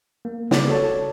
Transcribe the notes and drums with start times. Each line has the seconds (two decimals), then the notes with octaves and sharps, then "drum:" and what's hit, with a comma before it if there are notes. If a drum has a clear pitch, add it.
0.25 A#3
0.51 C#3 D5, drum: snare
0.67 F#4 A4 C#5 A5